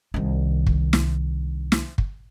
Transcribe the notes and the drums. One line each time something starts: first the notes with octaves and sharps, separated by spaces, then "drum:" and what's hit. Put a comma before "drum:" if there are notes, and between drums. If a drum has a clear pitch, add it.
C2 D#3
drum: kick
drum: snare
drum: snare
drum: kick